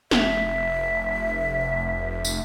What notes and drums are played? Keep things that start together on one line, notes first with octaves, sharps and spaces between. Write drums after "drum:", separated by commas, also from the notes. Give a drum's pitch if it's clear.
F1 E5, drum: snare
drum: tambourine